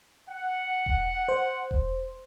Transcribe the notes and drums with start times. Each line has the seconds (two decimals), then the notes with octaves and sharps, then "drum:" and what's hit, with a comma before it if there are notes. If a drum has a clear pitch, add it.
0.28 F#5
0.86 drum: kick E1
1.29 C5
1.71 drum: kick E1